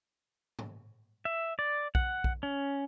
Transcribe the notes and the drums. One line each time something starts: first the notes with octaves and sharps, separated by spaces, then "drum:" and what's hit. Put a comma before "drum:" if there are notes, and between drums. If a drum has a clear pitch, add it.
drum: tom G#2
E5
D5
F#5, drum: kick
drum: kick
C#4